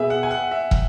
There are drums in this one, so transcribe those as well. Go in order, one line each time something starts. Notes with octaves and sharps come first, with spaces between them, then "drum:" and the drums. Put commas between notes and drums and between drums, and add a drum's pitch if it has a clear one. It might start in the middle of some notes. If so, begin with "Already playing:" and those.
Already playing: B2 B3 G#4 B4 E5
F#5
G#5
F#5
E5
drum: kick